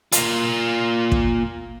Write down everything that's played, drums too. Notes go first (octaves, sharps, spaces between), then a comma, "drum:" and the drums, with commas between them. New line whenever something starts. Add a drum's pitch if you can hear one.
A#3 F4, drum: hi-hat
drum: kick